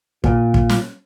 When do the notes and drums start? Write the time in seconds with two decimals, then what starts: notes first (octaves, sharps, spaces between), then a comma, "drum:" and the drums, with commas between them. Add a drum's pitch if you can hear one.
0.24 A#2, drum: kick
0.54 drum: kick
0.69 drum: snare